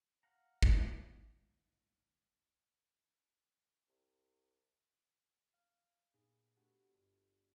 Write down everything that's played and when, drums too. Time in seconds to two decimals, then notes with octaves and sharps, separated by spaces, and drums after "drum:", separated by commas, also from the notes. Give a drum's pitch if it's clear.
0.23 F5 F#5 A#5
0.63 drum: kick
3.88 C2
5.53 F5 E7
6.14 A#2 B3 D#4 G#4 C7
6.56 A3 B3 D4 F#4 G4
6.94 G1